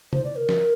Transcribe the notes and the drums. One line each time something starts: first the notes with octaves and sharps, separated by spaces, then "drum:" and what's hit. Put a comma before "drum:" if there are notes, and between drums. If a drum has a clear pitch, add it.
C5, drum: tom C3
D5
A#4
drum: snare